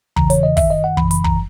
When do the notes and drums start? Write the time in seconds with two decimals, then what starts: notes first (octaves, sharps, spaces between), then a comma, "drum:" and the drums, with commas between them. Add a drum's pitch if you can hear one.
0.16 E2 C#3 E3 A#5, drum: kick
0.30 C#5, drum: hi-hat
0.43 D#5
0.57 F#2 D#3 E5, drum: kick, open hi-hat
0.70 D#5
0.84 F#5
0.97 F#2 C#3 E3 B5, drum: kick
1.11 B5, drum: hi-hat
1.24 A#5, drum: kick